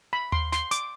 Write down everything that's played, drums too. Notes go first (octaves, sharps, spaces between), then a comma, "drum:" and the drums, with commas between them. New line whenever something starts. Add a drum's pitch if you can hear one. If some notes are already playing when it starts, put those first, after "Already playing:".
B5
C6, drum: tom D#2
C6, drum: snare
D6, drum: hi-hat